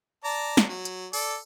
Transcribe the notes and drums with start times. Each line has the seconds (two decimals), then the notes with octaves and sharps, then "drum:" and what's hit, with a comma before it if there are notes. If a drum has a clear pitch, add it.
0.24 D5 A5 A#5
0.57 drum: snare
0.69 F#3
0.85 drum: hi-hat
1.13 A4 D5, drum: open hi-hat